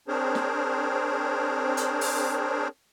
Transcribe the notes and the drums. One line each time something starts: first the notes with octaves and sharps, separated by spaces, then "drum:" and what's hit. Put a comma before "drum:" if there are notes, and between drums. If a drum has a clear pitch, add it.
C4 D4 G#4 A#4 C5 C#5
drum: snare
drum: hi-hat
drum: open hi-hat